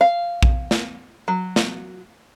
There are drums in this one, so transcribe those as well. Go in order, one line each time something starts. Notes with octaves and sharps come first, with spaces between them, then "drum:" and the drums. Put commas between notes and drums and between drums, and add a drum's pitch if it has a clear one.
F5
drum: kick A#1
drum: snare
F#3
drum: snare